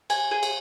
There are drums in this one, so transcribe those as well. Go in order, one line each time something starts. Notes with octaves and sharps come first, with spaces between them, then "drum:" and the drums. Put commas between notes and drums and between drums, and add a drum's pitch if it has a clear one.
G#5, drum: cymbal
G#4
drum: cymbal